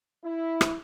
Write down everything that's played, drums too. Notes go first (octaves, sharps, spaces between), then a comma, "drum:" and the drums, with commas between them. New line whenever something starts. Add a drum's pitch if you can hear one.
E4
drum: rim click